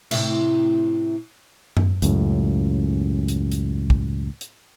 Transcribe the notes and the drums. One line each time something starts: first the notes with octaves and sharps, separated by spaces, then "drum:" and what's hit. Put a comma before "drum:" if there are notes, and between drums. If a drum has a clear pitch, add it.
A2 C3 E4, drum: cymbal
drum: tom F#2
C#2 F#2 A2, drum: hi-hat
drum: hi-hat
drum: hi-hat
drum: kick
drum: hi-hat